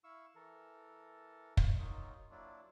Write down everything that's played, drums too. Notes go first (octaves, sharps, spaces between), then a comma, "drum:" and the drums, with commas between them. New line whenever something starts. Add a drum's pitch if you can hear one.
E4 F5 C#6 E6
E3 A4 A#4
drum: kick
D#3 F#3 A#3 D#4 F4
F#3 A#3 D4 E4 F4